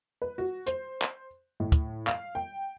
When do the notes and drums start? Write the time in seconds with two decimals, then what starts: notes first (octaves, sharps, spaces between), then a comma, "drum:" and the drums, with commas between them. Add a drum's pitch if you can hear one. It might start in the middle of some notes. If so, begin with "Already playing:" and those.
0.22 B4
0.38 F#4
0.66 C5, drum: hi-hat
1.02 drum: clap
1.60 A2
1.72 drum: kick, hi-hat
2.07 F5, drum: clap
2.35 G5